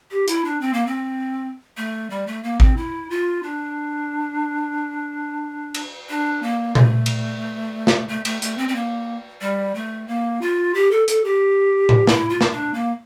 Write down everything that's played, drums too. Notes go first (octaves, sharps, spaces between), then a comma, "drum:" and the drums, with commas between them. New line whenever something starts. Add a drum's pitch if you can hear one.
G4
E4, drum: hi-hat
D4
C4
A#3
C4
A3
G3
A3
A#3
C4, drum: kick
E4
F4
D4
drum: cymbal
D4
A#3
A3, drum: tom A#2
drum: cymbal
drum: snare
A3
A3, drum: cymbal
A3, drum: hi-hat
C4
C4
A#3
G3
A3
A#3
F4
G4
A4
A4, drum: hi-hat
G4
drum: tom A2
E4, drum: snare
F4
drum: snare
D4
A#3